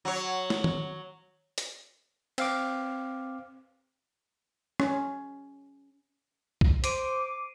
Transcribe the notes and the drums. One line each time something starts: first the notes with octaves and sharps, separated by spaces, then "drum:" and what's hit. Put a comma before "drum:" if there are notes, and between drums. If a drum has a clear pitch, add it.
F#3 C#5
drum: snare
drum: tom
drum: hi-hat
C4 F5 D6, drum: cymbal
C#4, drum: rim click
drum: kick
C5 D6 C7 D7 D#7, drum: hi-hat